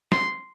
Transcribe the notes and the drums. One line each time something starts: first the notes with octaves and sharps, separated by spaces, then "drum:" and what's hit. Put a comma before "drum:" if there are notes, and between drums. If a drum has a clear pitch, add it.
C6, drum: snare